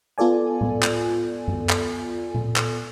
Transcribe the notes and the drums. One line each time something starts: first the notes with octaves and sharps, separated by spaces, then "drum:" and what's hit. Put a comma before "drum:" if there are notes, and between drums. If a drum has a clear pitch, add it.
B3 F4 A4 D5 G#5
drum: tom A2
drum: clap
drum: tom F#2
drum: clap
drum: tom A#2
drum: clap